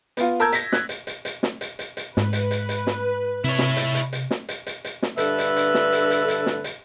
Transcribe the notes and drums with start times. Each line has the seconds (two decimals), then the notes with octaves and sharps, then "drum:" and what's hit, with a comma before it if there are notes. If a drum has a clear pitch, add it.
0.17 B3 F4, drum: hi-hat
0.40 A#4 A5 A#5 E6 G6 G#6
0.52 A#6 B6, drum: hi-hat
0.72 F#6 G#6, drum: snare
0.89 drum: hi-hat
1.07 drum: hi-hat
1.25 drum: hi-hat
1.43 drum: snare
1.61 drum: hi-hat
1.79 drum: hi-hat
1.97 drum: hi-hat
2.17 G#2 B4, drum: snare
2.33 drum: hi-hat
2.51 drum: hi-hat
2.69 drum: hi-hat
2.87 drum: snare
3.44 C3 E4 C#5
3.59 drum: snare
3.77 drum: hi-hat
3.95 drum: hi-hat
4.13 drum: hi-hat
4.31 drum: snare
4.49 drum: hi-hat
4.67 drum: hi-hat
4.85 drum: hi-hat
5.03 drum: snare
5.18 G2 D3 A4 B4 E5, drum: hi-hat
5.38 drum: hi-hat
5.56 drum: hi-hat
5.74 drum: snare
5.92 drum: hi-hat
6.10 drum: hi-hat
6.28 drum: hi-hat
6.46 drum: snare
6.64 drum: hi-hat